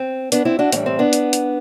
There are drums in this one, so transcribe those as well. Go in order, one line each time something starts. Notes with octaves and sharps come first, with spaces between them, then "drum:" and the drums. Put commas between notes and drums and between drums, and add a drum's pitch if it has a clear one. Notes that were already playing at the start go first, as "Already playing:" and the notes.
Already playing: C4
B3 D4, drum: hi-hat
C4 E4
D4 F#4
A2 E3 G3 C4, drum: hi-hat
C4
B3 D4
drum: hi-hat
drum: hi-hat